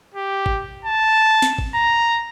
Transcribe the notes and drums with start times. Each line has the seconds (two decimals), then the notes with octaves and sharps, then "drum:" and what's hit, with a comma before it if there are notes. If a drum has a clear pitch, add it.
0.14 G4
0.46 drum: kick G#1
0.85 A5
1.42 drum: snare
1.58 drum: kick G#1
1.75 A#5